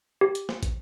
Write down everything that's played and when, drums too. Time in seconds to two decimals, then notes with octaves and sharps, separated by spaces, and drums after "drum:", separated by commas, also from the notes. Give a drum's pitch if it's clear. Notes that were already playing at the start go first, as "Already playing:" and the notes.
0.21 G4
0.35 drum: hi-hat
0.49 drum: snare
0.63 drum: kick, hi-hat